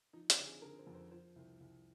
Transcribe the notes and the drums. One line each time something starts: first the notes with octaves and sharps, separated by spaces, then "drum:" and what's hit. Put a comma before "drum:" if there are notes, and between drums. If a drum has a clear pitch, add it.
F3 D#4
C4, drum: hi-hat
D3
G#4
D3 A#4
C5
F2
C5
F3 C5
C2
C2